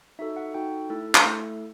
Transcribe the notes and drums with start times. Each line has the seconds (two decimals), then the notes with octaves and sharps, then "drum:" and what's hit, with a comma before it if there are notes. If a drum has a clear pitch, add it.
0.19 D#4 F#4 A4 E5
0.36 F#5
0.54 D#4 F#4 A4 G5
0.90 A3 E4 A4
1.15 drum: clap
1.26 A3 E4 A4